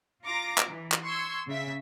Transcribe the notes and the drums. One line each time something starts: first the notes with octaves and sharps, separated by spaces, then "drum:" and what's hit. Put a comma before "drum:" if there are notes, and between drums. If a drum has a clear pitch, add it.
F4 A#5 D6 A#6
drum: clap
E3
drum: clap
C6 C#6 E6 G#6
C#3 E5 B6